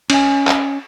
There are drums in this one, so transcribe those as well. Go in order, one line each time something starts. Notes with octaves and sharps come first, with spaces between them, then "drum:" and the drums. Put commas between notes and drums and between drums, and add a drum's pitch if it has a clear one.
C#4 D#5 G#5, drum: cymbal
drum: clap